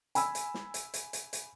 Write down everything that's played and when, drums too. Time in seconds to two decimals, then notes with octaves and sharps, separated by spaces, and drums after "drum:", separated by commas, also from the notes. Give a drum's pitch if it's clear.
0.15 G#5 B5 E6, drum: hi-hat
0.35 drum: hi-hat
0.54 drum: snare
0.74 drum: hi-hat
0.94 drum: hi-hat
1.13 drum: hi-hat
1.33 drum: hi-hat